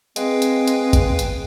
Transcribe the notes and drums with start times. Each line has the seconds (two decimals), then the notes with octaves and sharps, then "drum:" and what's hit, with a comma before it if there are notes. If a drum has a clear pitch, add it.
0.16 G#3 C4 B4 F5 G5, drum: hi-hat
0.42 drum: hi-hat
0.68 drum: hi-hat
0.93 drum: kick G#1, hi-hat
1.19 drum: hi-hat